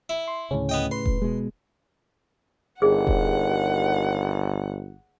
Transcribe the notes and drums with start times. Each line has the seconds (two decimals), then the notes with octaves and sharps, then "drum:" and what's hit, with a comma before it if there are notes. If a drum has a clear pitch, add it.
0.09 E4
0.28 C6
0.51 D2 A2 C#3 C#4
0.69 B3 D#5 G5
0.91 B4 C6
1.06 drum: kick E1
1.22 B2 G#3
2.82 G1 D#2 G#4 F#5
3.07 drum: kick E1